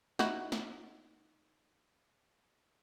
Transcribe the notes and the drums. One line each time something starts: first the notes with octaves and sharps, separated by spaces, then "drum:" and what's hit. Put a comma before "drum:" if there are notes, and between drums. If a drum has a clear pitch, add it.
D#4 E4 F#4, drum: snare
drum: snare